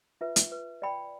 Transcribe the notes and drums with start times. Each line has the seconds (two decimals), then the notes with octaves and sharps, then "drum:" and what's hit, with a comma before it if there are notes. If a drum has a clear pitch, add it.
0.21 F4 B4 E5
0.36 drum: hi-hat
0.52 B4
0.82 D5 G5 B5